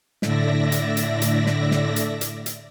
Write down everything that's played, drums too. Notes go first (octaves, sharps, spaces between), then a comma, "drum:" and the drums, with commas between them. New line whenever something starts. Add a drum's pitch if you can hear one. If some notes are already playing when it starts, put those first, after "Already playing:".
A2 D3 D5 E5 A#6, drum: snare
drum: hi-hat
drum: hi-hat
drum: hi-hat
drum: snare
drum: snare
drum: hi-hat
drum: hi-hat
drum: hi-hat